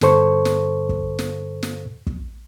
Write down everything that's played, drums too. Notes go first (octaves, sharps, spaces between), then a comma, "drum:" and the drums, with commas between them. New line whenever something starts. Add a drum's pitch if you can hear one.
G2 D3 A4 C5 C#6, drum: snare
drum: snare
drum: kick
drum: snare
drum: snare
drum: kick